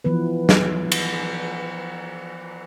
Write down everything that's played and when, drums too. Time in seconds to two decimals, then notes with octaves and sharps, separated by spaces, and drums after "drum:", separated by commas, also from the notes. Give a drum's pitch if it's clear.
0.04 E3 F3 B3 B4
0.49 drum: snare
0.92 drum: cymbal